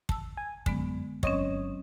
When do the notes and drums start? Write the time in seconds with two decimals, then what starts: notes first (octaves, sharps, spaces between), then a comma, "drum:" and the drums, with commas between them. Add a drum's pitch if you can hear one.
0.09 A5 E6, drum: kick
0.37 G#5
0.66 F#2 D3 G#3 B3, drum: kick
1.23 G1 F#3 C4 C#4 C#5 D#5, drum: kick